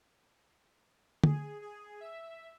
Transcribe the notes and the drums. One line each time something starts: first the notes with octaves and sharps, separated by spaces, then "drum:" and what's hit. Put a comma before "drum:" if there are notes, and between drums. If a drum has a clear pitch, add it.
G#4, drum: tom
G#4
E5